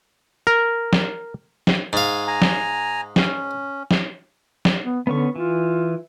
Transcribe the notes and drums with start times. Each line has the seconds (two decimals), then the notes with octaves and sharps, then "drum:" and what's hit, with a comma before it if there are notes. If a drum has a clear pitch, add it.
0.47 A#4
0.93 drum: snare
1.67 drum: snare
1.93 G#2 F5 G#5
2.27 G#5 A#5
2.42 drum: snare
3.16 C#4, drum: snare
3.91 drum: snare
4.65 drum: snare
4.84 B3
5.07 D3 B3 C#4 C#6
5.36 E3 F4